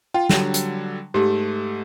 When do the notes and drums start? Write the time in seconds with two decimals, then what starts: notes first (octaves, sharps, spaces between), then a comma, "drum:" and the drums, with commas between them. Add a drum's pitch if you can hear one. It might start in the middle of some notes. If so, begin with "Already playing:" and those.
0.14 F4 G5
0.29 D3 F#3 G3, drum: snare
0.54 drum: hi-hat
1.14 G#2 A3 G4